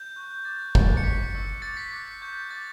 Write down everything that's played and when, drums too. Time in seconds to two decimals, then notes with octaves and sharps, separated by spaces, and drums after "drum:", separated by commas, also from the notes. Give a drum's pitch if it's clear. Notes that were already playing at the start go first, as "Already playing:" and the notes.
Already playing: G6
0.16 C#6 F#6
0.45 D6 F#6 A6
0.75 C#6 F#6, drum: kick
0.97 C#7
1.03 C#6 G6 B6
1.33 C#6 E6 G6
1.62 D6 G6 A6 C#7
1.77 B6
1.92 D6 F#6 A6
2.06 A6
2.21 C#6 F#6 G6
2.50 D6 G6 A6